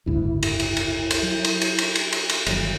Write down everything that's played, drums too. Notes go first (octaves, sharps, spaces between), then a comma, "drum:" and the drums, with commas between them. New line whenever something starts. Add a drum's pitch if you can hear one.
F#1 D2 G#2 E4
drum: cymbal
drum: cymbal
drum: cymbal
drum: cymbal
F#3
drum: cymbal
drum: cymbal
drum: cymbal
drum: cymbal
drum: cymbal
drum: cymbal
G1 D#3 F#3, drum: cymbal